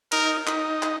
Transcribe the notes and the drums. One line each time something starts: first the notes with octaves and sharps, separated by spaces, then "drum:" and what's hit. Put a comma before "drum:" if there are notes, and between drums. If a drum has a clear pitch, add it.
D#4 A#4, drum: cymbal
D#4, drum: clap
drum: clap